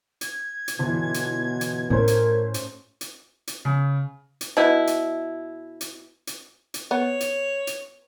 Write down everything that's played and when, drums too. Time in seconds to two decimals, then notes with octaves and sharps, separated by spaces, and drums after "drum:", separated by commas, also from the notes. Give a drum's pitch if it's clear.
0.21 G#6, drum: hi-hat
0.68 drum: hi-hat
0.79 G1 B2 E3
1.14 drum: hi-hat
1.61 drum: hi-hat
1.90 A2 A3 C#4 A#4 C5
2.08 drum: hi-hat
2.54 drum: hi-hat
3.01 drum: hi-hat
3.47 drum: hi-hat
3.65 C#3
4.41 drum: hi-hat
4.57 B2 E4
4.87 drum: hi-hat
5.81 drum: hi-hat
6.27 drum: hi-hat
6.74 drum: hi-hat
6.91 B3 C#5
7.20 drum: hi-hat
7.67 drum: hi-hat